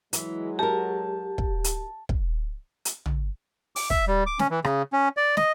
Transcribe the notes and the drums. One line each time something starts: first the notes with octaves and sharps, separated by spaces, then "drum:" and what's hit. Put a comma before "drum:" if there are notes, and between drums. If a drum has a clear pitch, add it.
E3 F#3 G#3, drum: hi-hat
F#4 G4 A#4 A5
drum: kick
drum: hi-hat
drum: kick
drum: hi-hat
drum: tom
D6, drum: open hi-hat
E5, drum: kick
G3
D6
C#4, drum: snare
E3
C#3, drum: rim click
C#4
D5
D#5, drum: snare